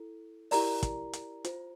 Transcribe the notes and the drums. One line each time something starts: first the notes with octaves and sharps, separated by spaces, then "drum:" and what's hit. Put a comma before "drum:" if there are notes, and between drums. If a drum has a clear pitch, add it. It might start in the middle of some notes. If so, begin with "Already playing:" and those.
Already playing: E4 A4
E4 G4 A#4 D5 A#5, drum: open hi-hat
drum: kick, hi-hat
drum: hi-hat
F4 C5, drum: hi-hat